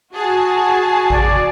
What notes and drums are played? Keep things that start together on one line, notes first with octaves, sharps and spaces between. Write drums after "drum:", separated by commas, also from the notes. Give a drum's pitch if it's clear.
F#4 G#4 A5
D5, drum: kick G#1